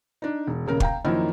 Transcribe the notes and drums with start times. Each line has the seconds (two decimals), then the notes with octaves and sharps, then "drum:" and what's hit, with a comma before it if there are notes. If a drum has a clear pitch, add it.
0.22 D4 D#4
0.47 E1
0.66 D#1 C#3 A#4 A#5
0.80 F5 G5 A#5, drum: kick
1.05 F#2 D#3 F3 A#3 D#4 E4